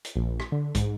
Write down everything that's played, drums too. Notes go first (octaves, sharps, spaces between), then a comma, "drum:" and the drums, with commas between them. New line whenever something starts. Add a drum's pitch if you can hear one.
drum: hi-hat
A#1
drum: rim click
D3
G#2, drum: kick, hi-hat